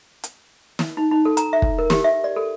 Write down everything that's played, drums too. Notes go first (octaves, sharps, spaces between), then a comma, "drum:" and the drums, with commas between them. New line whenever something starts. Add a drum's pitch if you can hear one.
drum: hi-hat
drum: snare
D#4
D#4
A4
A#5, drum: hi-hat
E5
drum: kick
A#4
G4, drum: snare
E5
D5
A4